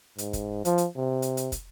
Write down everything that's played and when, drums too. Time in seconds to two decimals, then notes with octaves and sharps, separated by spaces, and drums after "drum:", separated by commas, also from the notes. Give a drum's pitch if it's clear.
0.18 G#2, drum: hi-hat
0.33 drum: kick, hi-hat
0.65 F3, drum: hi-hat
0.78 drum: hi-hat
0.96 C3
1.22 drum: hi-hat
1.37 drum: hi-hat
1.52 drum: kick, hi-hat